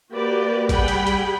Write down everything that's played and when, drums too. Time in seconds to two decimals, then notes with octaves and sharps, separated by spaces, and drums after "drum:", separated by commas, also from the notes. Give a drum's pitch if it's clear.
0.12 A#3 F#4 G4 B4 D5
0.69 G3 G#4 F#5 G5 B5, drum: kick A1, hi-hat
0.88 drum: hi-hat
1.07 drum: hi-hat